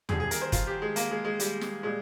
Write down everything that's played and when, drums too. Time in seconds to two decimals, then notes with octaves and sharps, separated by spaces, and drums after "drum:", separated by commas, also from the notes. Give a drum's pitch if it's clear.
0.09 D#2 D3 G3 G#4, drum: tom
0.20 G#4
0.31 A#4, drum: hi-hat
0.41 C5
0.52 F4, drum: kick, hi-hat
0.67 G4
0.82 G#3
0.96 A#3, drum: hi-hat
1.11 G#3
1.25 G#3
1.40 G3, drum: hi-hat
1.61 drum: snare
1.83 A#2 G3 G#3